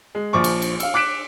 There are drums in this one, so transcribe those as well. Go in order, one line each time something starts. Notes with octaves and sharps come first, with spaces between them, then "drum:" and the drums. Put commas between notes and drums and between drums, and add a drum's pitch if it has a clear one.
G#3
A#1 F3 C#6 D6
drum: cymbal
drum: cymbal
F5 E6, drum: cymbal
D6 F#6 B6 D7 E7